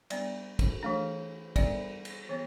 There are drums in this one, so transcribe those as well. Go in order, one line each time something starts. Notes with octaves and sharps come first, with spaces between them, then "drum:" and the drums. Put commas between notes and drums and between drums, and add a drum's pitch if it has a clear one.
G3 B3 D4 D5, drum: cymbal
drum: kick, cymbal
E3 A3 D4
G3 B3 D4 D5, drum: kick, cymbal
drum: cymbal
E3 B3 C#5